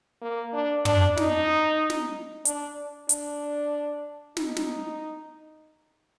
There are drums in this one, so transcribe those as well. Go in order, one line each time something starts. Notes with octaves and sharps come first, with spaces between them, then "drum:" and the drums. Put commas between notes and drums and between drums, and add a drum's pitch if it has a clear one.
A#3
D4
D4, drum: tom
D#4, drum: snare
drum: snare
D4, drum: hi-hat
D4, drum: hi-hat
D#4, drum: snare
drum: snare